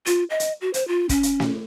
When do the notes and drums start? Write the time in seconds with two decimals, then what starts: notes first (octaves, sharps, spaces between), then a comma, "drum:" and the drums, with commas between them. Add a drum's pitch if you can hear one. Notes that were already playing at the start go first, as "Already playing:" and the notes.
0.06 F4, drum: hi-hat
0.30 D#5
0.40 drum: hi-hat
0.61 F#4
0.74 C5, drum: hi-hat
0.88 F4
1.09 C#4, drum: kick, hi-hat
1.23 drum: hi-hat
1.40 drum: snare